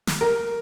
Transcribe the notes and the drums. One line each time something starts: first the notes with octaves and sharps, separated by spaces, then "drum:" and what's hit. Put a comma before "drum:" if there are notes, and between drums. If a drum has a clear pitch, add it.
drum: snare
A#4